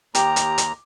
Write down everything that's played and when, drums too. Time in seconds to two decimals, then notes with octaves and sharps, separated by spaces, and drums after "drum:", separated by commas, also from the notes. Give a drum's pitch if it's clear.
0.15 D#2 G4 A#5, drum: hi-hat
0.36 drum: hi-hat
0.58 drum: hi-hat